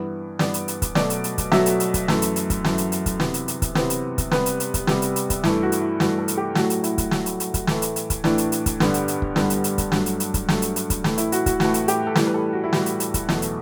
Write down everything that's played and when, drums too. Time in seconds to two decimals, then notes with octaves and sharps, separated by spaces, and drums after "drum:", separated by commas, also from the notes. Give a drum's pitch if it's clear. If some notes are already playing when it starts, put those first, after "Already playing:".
Already playing: G2 E3 B3
0.39 G2 E3 B3 D5, drum: snare
0.54 drum: hi-hat
0.68 drum: hi-hat
0.82 drum: kick, hi-hat
0.95 B2 F#3 A3 D5, drum: snare
1.10 drum: hi-hat
1.24 drum: hi-hat
1.38 drum: kick, hi-hat
1.52 B2 F#3 A3 E5, drum: snare
1.66 drum: hi-hat
1.80 drum: hi-hat
1.94 drum: kick, hi-hat
2.08 F#2 E3 A3, drum: snare
2.22 drum: hi-hat
2.36 drum: hi-hat
2.50 drum: kick, hi-hat
2.64 F#2 E3 A3, drum: snare
2.78 drum: hi-hat
2.92 drum: hi-hat
3.06 drum: kick, hi-hat
3.20 C3 E3 B3, drum: snare
3.34 drum: hi-hat
3.48 drum: hi-hat
3.62 drum: kick, hi-hat
3.75 C3 E3 B3 C5, drum: snare
3.90 drum: hi-hat
4.18 drum: kick, hi-hat
4.31 C3 G3 B3 B4, drum: snare
4.46 drum: hi-hat
4.60 drum: hi-hat
4.74 drum: kick, hi-hat
4.87 C3 G3 B3, drum: snare
5.02 drum: hi-hat
5.16 drum: hi-hat
5.30 drum: kick, hi-hat
5.44 G2 E3 A3 E4, drum: snare
5.63 F#4
5.72 drum: hi-hat
5.81 E4
6.00 G2 E3 A3 F#4, drum: snare
6.18 A4
6.28 drum: hi-hat
6.37 G4
6.55 A2 F#3 A3 F#4, drum: snare
6.70 drum: hi-hat
6.84 E4, drum: hi-hat
6.98 drum: kick, hi-hat
7.11 A2 F#3 A3, drum: snare
7.26 drum: hi-hat
7.40 drum: hi-hat
7.54 drum: kick, hi-hat
7.67 A2 E3 A3, drum: snare
7.82 drum: hi-hat
7.96 drum: hi-hat
8.10 drum: kick, hi-hat
8.24 A2 E3 A3 D4, drum: snare
8.38 drum: hi-hat
8.52 drum: hi-hat
8.66 drum: kick, hi-hat
8.80 G2 D3 G3 B3, drum: snare
8.94 drum: hi-hat
9.08 drum: hi-hat
9.22 drum: kick
9.36 G2 D3 G3 B3, drum: snare
9.50 drum: hi-hat
9.64 drum: hi-hat
9.78 drum: kick, hi-hat
9.92 G2 F#3 A3 D4, drum: snare
10.06 drum: hi-hat
10.20 drum: hi-hat
10.34 drum: kick, hi-hat
10.49 G2 F#3 A3, drum: snare
10.62 drum: hi-hat
10.76 drum: hi-hat
10.90 drum: kick, hi-hat
11.04 A2 E3 A3, drum: snare
11.18 E4, drum: hi-hat
11.32 F#4, drum: hi-hat
11.46 F#4, drum: kick, hi-hat
11.60 A2 E3 A3 F#4, drum: snare
11.74 drum: hi-hat
11.88 G4, drum: hi-hat
12.07 A4
12.15 A2 E3 G3 B4, drum: snare
12.27 B4
12.34 A4
12.53 F#4
12.64 E4
12.73 A2 E3 G3 F#4, drum: snare
12.86 drum: hi-hat
13.00 drum: hi-hat
13.14 drum: kick, hi-hat
13.29 E2 B2 F#3 A3, drum: snare
13.42 drum: hi-hat